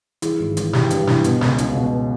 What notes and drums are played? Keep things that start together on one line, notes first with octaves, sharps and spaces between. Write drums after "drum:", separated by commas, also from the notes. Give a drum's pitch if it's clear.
E3 E4 G#4, drum: hi-hat
G#1
E3, drum: hi-hat
E3 G4, drum: snare
G2, drum: hi-hat
E3, drum: snare
B2, drum: hi-hat
C#2, drum: snare
C#2, drum: hi-hat
B2